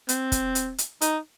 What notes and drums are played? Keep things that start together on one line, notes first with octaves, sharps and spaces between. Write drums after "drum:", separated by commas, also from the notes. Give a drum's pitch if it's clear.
C4, drum: hi-hat
drum: kick, hi-hat
drum: hi-hat
drum: hi-hat
D#4, drum: hi-hat